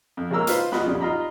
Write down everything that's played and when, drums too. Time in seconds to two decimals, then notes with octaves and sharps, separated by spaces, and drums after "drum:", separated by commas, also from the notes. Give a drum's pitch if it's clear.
0.17 F2
0.31 C#2 G#3 A#3 A#5 E6 F6
0.47 D#4 F4 B4 C5 F5, drum: hi-hat
0.72 B2 F4 F#4 D#5 B5 F#6, drum: snare
0.86 F2 A#2 C#3 G3
1.01 D#4 F4 D#5 A#5 B5